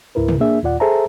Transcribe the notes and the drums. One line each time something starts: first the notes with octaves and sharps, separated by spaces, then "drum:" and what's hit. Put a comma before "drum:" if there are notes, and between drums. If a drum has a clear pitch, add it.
C#2 G#2 E4 A#4 B4
drum: tom
A#3 D4 G#4 E5
D#2 A#2 F4 D5 F#5
G#4 A4 C5 E5 A5 A#5